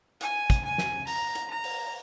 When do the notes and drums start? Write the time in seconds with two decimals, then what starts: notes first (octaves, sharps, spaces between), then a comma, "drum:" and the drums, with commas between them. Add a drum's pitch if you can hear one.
0.21 G#5, drum: hi-hat
0.50 drum: kick, hi-hat
0.64 G#5
0.78 drum: snare
1.07 A#5, drum: open hi-hat
1.35 drum: hi-hat
1.50 A#5
1.64 drum: open hi-hat